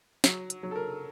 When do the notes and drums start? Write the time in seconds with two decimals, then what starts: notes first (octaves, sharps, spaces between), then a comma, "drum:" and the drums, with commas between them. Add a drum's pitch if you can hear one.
0.24 F#3, drum: snare
0.50 drum: hi-hat
0.63 F#3
0.71 A4
0.76 A#4